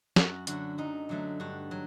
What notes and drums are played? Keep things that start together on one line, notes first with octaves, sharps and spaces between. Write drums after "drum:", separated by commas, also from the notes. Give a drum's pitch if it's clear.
F#2 F#4, drum: snare
D3 F#3 A3 F#4, drum: hi-hat
F#2 D#4
D3 F#3 A3
G2 F#4
F#3